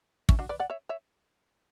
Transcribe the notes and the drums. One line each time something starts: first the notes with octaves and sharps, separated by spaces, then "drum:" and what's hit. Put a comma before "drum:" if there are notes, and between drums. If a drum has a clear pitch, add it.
C#4 E4, drum: kick
D4 F#4
B4 D5
D5 F#5
C#5 E5
C#5 E5